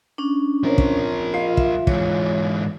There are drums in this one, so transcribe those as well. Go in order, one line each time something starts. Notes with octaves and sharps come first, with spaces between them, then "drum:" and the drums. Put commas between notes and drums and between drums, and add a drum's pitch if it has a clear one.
C#4 D4
F3 C4 A#4 C#5
drum: kick
F4 D#5 C7
E5, drum: kick
G#2 E3 C#5, drum: kick